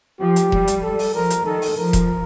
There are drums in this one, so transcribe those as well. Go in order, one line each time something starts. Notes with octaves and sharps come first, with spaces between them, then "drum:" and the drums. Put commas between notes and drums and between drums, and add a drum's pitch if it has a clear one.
F3 G4
drum: hi-hat
G3, drum: kick E1
drum: hi-hat
A4
drum: open hi-hat
F3 A#4
drum: hi-hat
D#3 A4
drum: open hi-hat
F3 A#4
drum: kick E1, hi-hat